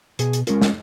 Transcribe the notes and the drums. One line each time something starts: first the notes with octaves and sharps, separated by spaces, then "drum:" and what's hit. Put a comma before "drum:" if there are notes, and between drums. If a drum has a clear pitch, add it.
B2 G#4, drum: hi-hat
drum: hi-hat
G#3 C#4 F4 A#4, drum: hi-hat
drum: snare